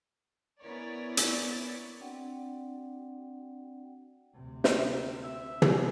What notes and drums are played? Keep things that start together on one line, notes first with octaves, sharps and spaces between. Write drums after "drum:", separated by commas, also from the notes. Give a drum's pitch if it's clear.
B3 C#4 E4 A#4 C#5 D5
drum: hi-hat
C4 D4 F#4 D5 F#5 G5
D2 C3
drum: snare
E5
drum: tom